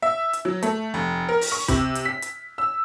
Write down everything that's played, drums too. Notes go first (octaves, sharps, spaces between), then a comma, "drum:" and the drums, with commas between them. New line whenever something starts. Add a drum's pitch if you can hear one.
E5
drum: hi-hat
F#3
A3, drum: hi-hat
F1
A#4
drum: open hi-hat
C#6
C3, drum: kick, hi-hat
drum: hi-hat
B6
drum: hi-hat
E6